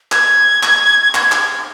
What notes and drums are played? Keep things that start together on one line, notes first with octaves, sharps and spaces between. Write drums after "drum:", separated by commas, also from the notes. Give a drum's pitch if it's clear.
G#6, drum: clap
drum: clap
drum: clap
drum: clap